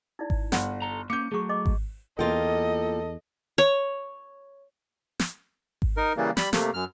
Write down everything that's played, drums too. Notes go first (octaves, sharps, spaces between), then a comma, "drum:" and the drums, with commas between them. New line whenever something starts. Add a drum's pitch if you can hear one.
D#4 E4 D5
drum: kick G#1
G1 F#5, drum: snare
A4 A#5
A#3 C#4 D6 G6 C#7
F#3 A3 G#4 C#6
D#5 C6 D6
drum: kick G#1
E2 A#3 F4 A4 D#5 G5
C#5
drum: snare
drum: kick G#1
D#4 A#4
C#3 E3 G3 A#3
G3 B5, drum: snare
C3 A3 A#3, drum: snare
F#2 F6